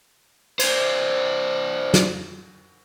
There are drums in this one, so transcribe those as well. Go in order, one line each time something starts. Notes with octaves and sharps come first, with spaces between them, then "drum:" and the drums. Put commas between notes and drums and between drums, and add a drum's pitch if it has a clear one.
D4 C5, drum: cymbal
drum: snare